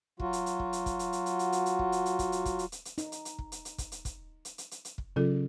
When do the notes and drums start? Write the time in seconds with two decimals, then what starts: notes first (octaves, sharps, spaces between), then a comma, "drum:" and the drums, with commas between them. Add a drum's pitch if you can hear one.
0.20 F#3 F4 F#4, drum: kick
0.33 drum: hi-hat
0.46 drum: hi-hat
0.59 drum: kick
0.73 drum: hi-hat
0.86 drum: kick, hi-hat
0.99 drum: hi-hat
1.13 drum: hi-hat
1.26 drum: hi-hat
1.39 drum: hi-hat
1.52 drum: hi-hat
1.66 drum: hi-hat
1.79 drum: kick
1.92 drum: hi-hat
2.06 drum: hi-hat
2.19 drum: kick, hi-hat
2.32 drum: hi-hat
2.45 drum: kick, hi-hat
2.59 drum: hi-hat
2.72 drum: hi-hat
2.85 drum: hi-hat
2.98 D#4, drum: hi-hat
3.12 drum: hi-hat
3.25 drum: hi-hat
3.38 drum: kick
3.52 drum: hi-hat
3.65 drum: hi-hat
3.78 drum: kick, hi-hat
3.92 drum: hi-hat
4.05 drum: kick, hi-hat
4.45 drum: hi-hat
4.58 drum: hi-hat
4.71 drum: hi-hat
4.85 drum: hi-hat
4.98 drum: kick
5.16 C#3 F#3 F4 A4